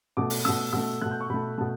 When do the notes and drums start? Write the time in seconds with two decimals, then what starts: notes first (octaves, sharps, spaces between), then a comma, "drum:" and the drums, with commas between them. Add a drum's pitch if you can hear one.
0.17 B2 A3 D6
0.30 drum: open hi-hat
0.45 B2 A3 E6
0.73 B2 A3 E6
1.01 B2 A3 F#6
1.11 G6
1.21 C#6
1.30 B2 A3 B5
1.58 B2 A3 A5